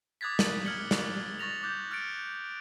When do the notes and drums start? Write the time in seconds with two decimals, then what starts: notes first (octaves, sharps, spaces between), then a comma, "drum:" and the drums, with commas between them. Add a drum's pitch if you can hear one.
0.21 D6 D#6 F#6 G#6 A6 B6
0.39 drum: snare
0.65 F6 G#6 C#7 F#7 G7
0.91 drum: snare
1.39 C#6 A6 A#6 F7
1.63 D6 F#6 G6
1.91 F6 F#6 A6 C#7 D7